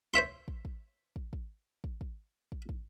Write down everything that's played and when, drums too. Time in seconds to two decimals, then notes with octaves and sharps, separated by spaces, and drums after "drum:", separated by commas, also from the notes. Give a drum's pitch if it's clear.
0.14 C5 C#5 E5 C6
0.48 drum: kick
0.65 drum: kick
1.16 drum: kick
1.33 drum: kick
1.84 drum: kick
2.01 drum: kick
2.52 drum: kick
2.69 drum: kick